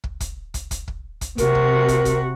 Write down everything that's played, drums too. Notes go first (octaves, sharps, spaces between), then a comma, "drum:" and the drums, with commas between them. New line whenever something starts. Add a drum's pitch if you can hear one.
drum: kick
drum: kick, hi-hat
drum: kick, hi-hat
drum: kick, hi-hat
drum: kick
drum: kick, hi-hat
C3 F#4 A#4, drum: kick, hi-hat
drum: kick
drum: kick, hi-hat
drum: kick, hi-hat